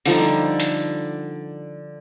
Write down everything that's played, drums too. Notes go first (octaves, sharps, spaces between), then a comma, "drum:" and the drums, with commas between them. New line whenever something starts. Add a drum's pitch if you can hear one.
D3 F3 G3 D#4, drum: open hi-hat
drum: hi-hat